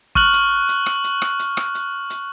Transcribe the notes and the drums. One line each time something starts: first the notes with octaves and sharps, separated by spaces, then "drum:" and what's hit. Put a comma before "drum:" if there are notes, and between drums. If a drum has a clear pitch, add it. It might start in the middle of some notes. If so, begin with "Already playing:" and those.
C#6 F6 F#6 F#7, drum: kick
drum: hi-hat
drum: hi-hat
drum: rim click
drum: hi-hat
drum: rim click
drum: hi-hat
drum: rim click
drum: hi-hat
drum: hi-hat